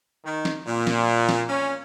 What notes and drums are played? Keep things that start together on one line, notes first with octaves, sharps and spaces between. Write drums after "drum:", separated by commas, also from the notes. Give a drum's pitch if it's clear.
D#3
drum: snare
A#2
drum: snare
drum: snare
C#4